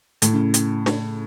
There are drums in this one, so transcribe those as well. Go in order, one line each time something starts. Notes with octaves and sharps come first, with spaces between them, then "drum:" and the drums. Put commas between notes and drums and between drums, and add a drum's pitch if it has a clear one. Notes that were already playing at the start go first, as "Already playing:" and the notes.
A2, drum: hi-hat
C#3
drum: hi-hat
drum: snare